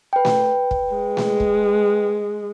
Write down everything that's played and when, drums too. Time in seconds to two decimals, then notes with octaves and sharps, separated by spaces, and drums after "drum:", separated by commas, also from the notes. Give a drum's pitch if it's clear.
0.13 B4 G5
0.25 drum: snare A3
0.71 drum: kick
0.94 G#3
1.17 drum: snare A3
1.40 drum: kick